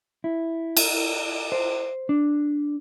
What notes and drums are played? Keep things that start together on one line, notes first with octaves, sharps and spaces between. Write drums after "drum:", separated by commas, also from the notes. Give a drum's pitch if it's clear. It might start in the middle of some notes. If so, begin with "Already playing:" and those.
E4
drum: cymbal
C5
D4